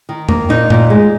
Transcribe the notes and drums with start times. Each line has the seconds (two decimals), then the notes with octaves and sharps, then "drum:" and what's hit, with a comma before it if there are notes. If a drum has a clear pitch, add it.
0.09 D#3
0.29 A#3, drum: tom E2
0.49 A#2 D#4
0.70 A#2, drum: tom G2
0.90 G#3